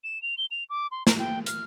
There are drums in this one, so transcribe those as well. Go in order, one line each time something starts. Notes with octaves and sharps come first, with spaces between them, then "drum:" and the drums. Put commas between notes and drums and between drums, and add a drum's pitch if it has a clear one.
E7
F7
G7
F7
D6
C6
A#5, drum: snare
G5
F6, drum: hi-hat